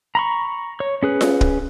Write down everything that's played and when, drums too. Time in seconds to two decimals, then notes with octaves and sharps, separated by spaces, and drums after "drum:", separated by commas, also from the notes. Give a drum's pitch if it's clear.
0.15 A#5 B5 C#6
0.80 C#5
1.03 C#4 G#4 B4
1.21 drum: snare F4
1.41 drum: kick